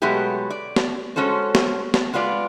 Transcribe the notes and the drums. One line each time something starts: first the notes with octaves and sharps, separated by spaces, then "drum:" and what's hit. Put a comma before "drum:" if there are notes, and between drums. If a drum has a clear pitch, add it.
B2 F#3 G#3 A3 B3 G4
D5
drum: snare
G#3 C#4 F#4 A4 C5
drum: snare
drum: snare
G#3 B3 F4 D5